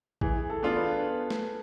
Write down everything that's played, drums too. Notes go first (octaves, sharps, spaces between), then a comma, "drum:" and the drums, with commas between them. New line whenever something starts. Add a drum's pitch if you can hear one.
E3 G#4, drum: kick A1
A4
B3 D4 F4
B4
drum: snare